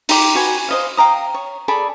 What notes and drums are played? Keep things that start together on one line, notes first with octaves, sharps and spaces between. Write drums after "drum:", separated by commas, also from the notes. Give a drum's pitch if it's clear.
D#4 G4 C6 D6, drum: open hi-hat
F#4 B4 G#5
C5 D#5 F5
F5 G5 A#5 D#6
C#5
G#4 A4 D5 B5